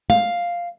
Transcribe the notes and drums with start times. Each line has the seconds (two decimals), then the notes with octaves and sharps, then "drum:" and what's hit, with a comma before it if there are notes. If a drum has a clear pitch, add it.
0.10 F5, drum: tom G#3